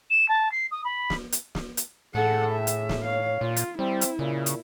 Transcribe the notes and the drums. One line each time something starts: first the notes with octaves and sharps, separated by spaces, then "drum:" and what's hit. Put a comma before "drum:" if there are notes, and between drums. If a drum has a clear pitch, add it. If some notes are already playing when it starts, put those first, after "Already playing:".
E7
A5
C7
D#6
B5
drum: snare
drum: hi-hat
drum: snare
drum: hi-hat
A2 G#4 A4 F#5
E5
drum: hi-hat
drum: snare
C#5 F5
A#2 F4
drum: hi-hat
G3 C4 E4
drum: hi-hat
A#2 C#3
drum: hi-hat